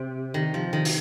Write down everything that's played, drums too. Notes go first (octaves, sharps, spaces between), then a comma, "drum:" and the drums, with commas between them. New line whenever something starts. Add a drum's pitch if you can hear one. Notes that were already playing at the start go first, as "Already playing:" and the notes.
Already playing: C3
D#3
F3
D#3
drum: open hi-hat